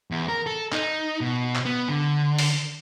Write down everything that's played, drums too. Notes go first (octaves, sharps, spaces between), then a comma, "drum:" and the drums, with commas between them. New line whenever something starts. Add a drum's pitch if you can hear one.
E2
A#4
A4
D#4, drum: clap
B2
drum: clap
B3
D3
drum: open hi-hat